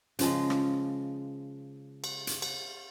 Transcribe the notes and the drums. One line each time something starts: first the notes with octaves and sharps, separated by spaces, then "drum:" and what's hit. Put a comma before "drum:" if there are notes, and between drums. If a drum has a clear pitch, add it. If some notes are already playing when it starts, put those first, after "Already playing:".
C#3 F3 G#3, drum: hi-hat
drum: rim click
drum: cymbal
drum: hi-hat
drum: cymbal